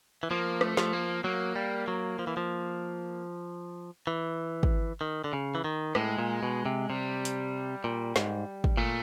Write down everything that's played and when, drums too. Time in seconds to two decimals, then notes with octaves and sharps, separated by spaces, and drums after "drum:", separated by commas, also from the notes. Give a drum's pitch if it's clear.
0.23 E3
0.30 F3 A#3
0.61 A3, drum: rim click
0.77 F3, drum: snare
0.93 A#3
1.24 F#3 A#3
1.56 G3
1.88 F#3
2.19 F3
2.27 E3
2.37 F3
4.07 E3
4.63 drum: kick
5.01 D#3
5.24 D3
5.33 C#3
5.55 E3
5.64 D#3
5.95 A2 G#3, drum: rim click
6.19 A#2
6.43 B2
6.66 C3
6.89 C3 G3
7.25 drum: hi-hat
7.84 A#2
8.16 G#2, drum: snare
8.64 drum: kick
8.77 A#2 A3